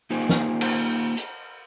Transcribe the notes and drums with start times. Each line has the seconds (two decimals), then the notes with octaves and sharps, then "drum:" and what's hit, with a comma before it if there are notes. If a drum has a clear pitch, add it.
0.10 A#3 D#4 F4 G4 C5 G#5
0.29 drum: snare
0.61 drum: cymbal
1.17 drum: hi-hat